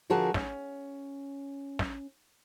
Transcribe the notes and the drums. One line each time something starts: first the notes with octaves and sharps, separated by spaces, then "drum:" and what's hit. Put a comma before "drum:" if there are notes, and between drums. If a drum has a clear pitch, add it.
D3 F3 F#4 G#4 A#4 A5
C#4, drum: snare
drum: snare